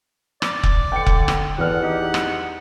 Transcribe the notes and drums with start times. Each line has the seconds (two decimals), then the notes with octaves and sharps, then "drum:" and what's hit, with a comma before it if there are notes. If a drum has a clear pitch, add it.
0.42 D5, drum: rim click
0.63 drum: kick F1
0.92 D3 G5 C#7
1.06 drum: kick F1
1.28 drum: rim click
1.58 E2 D3 B3 C4 F#5 F6
1.82 D#4 G4
2.14 drum: rim click